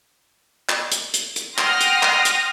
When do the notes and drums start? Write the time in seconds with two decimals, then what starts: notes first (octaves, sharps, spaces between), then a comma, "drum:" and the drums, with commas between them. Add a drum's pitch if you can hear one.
0.69 drum: clap
0.92 drum: hi-hat
1.14 drum: hi-hat
1.36 drum: hi-hat
1.58 F#5 G5 C6 D#6 F6 A#6, drum: clap
1.81 drum: hi-hat
2.03 drum: clap
2.25 drum: hi-hat